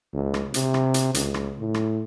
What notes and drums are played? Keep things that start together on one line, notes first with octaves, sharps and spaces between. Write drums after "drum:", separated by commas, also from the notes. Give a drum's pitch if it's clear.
C#2
drum: rim click
C3, drum: hi-hat
drum: rim click
drum: hi-hat
C#2, drum: hi-hat
drum: rim click
A2
drum: rim click